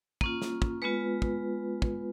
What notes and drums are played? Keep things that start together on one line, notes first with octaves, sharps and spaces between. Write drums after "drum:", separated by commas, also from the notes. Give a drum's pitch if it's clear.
A#3 C#4 F4, drum: kick
drum: snare
drum: kick
G#3 B3 F4 B4
drum: kick
drum: kick